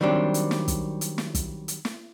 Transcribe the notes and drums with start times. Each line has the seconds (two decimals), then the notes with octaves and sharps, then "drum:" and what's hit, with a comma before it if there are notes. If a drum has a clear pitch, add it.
0.01 D#3 F#3 G3 C4 D4
0.34 drum: hi-hat
0.51 drum: snare
0.68 drum: kick, hi-hat
1.01 drum: hi-hat
1.18 drum: snare
1.35 drum: kick, hi-hat
1.68 drum: hi-hat
1.85 drum: snare